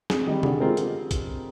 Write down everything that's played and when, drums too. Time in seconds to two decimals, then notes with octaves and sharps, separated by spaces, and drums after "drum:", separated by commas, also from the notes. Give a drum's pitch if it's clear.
0.10 F2 G#4, drum: snare
0.27 D#3 G3 G4
0.43 D3 G#4, drum: tom C3
0.60 G#3 C4 F4 A#4
0.77 drum: hi-hat
1.11 drum: kick A#1, hi-hat